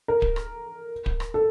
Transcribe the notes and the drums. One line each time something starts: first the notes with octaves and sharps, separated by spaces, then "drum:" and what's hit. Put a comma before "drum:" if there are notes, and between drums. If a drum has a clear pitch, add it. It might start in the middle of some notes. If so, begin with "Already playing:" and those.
A#4
drum: kick D1
drum: rim click
drum: kick D1
drum: rim click
A4